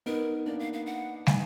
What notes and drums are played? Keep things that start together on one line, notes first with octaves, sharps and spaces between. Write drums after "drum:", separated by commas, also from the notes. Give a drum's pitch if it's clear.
B3 D#4 A#4
A#3 D4 D5
F5
F5
F#5
G#5, drum: snare